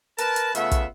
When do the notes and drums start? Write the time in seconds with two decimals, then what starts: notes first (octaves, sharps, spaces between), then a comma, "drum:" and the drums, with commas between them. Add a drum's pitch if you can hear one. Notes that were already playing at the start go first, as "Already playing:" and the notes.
0.18 A#4 B4 A5, drum: hi-hat
0.36 drum: hi-hat
0.55 C#3 A3 B3 F4 E5, drum: hi-hat
0.71 drum: kick, hi-hat